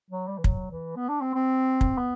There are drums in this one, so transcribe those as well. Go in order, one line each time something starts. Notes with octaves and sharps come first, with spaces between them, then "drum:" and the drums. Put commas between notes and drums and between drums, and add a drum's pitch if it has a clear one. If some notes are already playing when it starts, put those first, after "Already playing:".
F#3
G3
E3
F#3, drum: kick
E3
B3
D4
C4
C4
drum: kick
B3